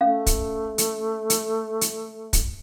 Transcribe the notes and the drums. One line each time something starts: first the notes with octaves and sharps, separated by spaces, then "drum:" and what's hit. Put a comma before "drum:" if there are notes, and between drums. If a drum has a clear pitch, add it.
A3 C#4 F5
drum: kick, hi-hat
drum: hi-hat
drum: hi-hat
drum: hi-hat
drum: kick, hi-hat